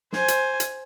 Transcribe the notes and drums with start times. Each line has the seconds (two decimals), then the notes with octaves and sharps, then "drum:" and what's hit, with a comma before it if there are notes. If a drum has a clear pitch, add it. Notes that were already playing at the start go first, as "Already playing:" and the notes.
0.13 C5 G#5, drum: snare
0.28 drum: hi-hat
0.60 drum: hi-hat